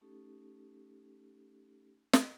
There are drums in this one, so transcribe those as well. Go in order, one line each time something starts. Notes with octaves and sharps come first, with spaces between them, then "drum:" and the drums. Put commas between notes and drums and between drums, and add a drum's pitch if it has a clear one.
A3 C#4 D#4 G4 A4
drum: snare